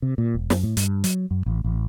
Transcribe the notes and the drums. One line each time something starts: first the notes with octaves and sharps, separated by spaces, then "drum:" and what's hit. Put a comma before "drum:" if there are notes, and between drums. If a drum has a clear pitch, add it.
C3
A#2
E1
F#2, drum: snare
A2
G2, drum: hi-hat
F#3, drum: hi-hat
F#2
A1
A1